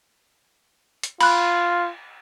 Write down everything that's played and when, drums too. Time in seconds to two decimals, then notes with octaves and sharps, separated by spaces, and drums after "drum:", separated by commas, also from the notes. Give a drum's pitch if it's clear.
1.03 drum: hi-hat
1.21 F4 B5 F#6, drum: cymbal